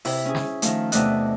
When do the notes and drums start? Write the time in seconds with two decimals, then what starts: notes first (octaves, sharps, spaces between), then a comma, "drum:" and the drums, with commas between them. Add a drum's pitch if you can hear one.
0.05 C3 E4, drum: open hi-hat
0.25 C#4 G#4
0.35 drum: snare
0.62 D#3 F3 A3, drum: hi-hat
0.92 E2 C3 A3 D5 D#5 F#6, drum: hi-hat